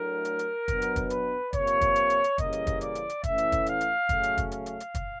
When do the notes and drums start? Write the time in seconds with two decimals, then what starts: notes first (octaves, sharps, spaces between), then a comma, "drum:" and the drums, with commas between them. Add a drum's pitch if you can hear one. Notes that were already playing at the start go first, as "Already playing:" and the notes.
Already playing: A2 F#3 A3 D4 A#4
0.25 drum: hi-hat
0.39 drum: hi-hat
0.68 B2 F#3 B3 D4, drum: kick, hi-hat
0.82 drum: hi-hat
0.96 drum: kick, hi-hat
1.10 B4, drum: hi-hat
1.53 C3 F3 A#3 C#5, drum: kick, hi-hat
1.67 drum: hi-hat
1.81 drum: kick, hi-hat
1.96 drum: hi-hat
2.10 drum: hi-hat
2.24 drum: hi-hat
2.38 C#3 E3 G3 A#3 C#4 D#5, drum: kick, hi-hat
2.53 drum: hi-hat
2.67 drum: kick, hi-hat
2.81 D5, drum: hi-hat
2.95 drum: hi-hat
3.09 drum: hi-hat
3.24 A2 E3 A3 C#4 E5, drum: kick, hi-hat
3.38 drum: hi-hat
3.52 drum: kick, hi-hat
3.66 F5, drum: hi-hat
3.81 drum: hi-hat
4.09 C#3 F#3 A3 C#4, drum: kick, hi-hat
4.23 drum: hi-hat
4.38 drum: kick, hi-hat
4.51 F5, drum: hi-hat
4.66 drum: hi-hat
4.80 drum: hi-hat
4.95 drum: kick, hi-hat